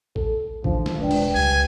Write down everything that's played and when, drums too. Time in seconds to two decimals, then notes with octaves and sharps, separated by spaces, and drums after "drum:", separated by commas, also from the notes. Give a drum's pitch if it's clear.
0.16 A4, drum: kick A1
0.64 D3 D#3 F3 D4, drum: kick A1
0.86 drum: snare
1.00 E1 G#3 D4 B4 G5
1.11 drum: cymbal
1.35 C#2 G3 G#5